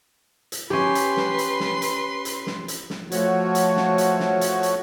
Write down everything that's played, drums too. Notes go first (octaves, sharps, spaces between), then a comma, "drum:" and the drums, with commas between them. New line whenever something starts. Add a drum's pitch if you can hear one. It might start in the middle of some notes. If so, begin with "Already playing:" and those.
drum: hi-hat
C#4 G4 B4 C6
drum: hi-hat
drum: snare
drum: hi-hat
drum: snare
drum: hi-hat
drum: hi-hat
drum: snare
drum: hi-hat
drum: snare
F3 A3 F#4 C#5, drum: hi-hat
drum: hi-hat
drum: snare
drum: hi-hat
drum: snare
drum: hi-hat
drum: hi-hat